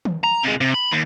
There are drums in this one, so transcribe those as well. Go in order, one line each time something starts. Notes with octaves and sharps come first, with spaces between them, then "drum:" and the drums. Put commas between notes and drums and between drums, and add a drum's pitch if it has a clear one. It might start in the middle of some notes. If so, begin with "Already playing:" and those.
drum: tom D#3
A#5
C3 G#3
C3
B5
D#2